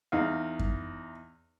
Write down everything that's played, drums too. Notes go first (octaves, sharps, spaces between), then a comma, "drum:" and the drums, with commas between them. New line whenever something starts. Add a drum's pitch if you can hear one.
E2 D#4 F5
drum: kick F#2